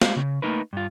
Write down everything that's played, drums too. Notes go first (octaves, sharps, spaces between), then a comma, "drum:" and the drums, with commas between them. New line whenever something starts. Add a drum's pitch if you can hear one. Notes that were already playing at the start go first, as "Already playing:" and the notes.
G3 G#3 B3 F#4 C5 F5, drum: snare
C#3
A3 A#3 D#4 A#4 B4
G2 F4